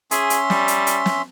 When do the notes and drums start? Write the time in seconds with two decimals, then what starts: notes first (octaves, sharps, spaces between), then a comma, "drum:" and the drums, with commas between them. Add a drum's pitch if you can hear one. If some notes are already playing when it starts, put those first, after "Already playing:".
0.11 C#4 G#4 E5 C6, drum: hi-hat
0.30 drum: hi-hat
0.50 G3, drum: snare
0.68 drum: hi-hat
0.87 drum: hi-hat
1.06 drum: snare